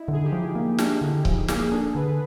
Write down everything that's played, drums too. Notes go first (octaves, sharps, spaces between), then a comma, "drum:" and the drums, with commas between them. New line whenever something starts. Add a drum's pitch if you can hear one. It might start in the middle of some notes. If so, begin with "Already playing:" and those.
Already playing: D#4 E4
D3 G#4
G4
F3
A#3
D4, drum: snare
D3
F3, drum: kick C#1
A#3 G#4, drum: snare
D4 A4
D3 B4